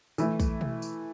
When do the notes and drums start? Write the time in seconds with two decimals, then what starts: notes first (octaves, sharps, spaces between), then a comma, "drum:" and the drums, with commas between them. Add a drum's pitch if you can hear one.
0.18 E3 A3 E4, drum: tambourine
0.40 drum: kick, tambourine
0.61 drum: tom B2
0.82 drum: tambourine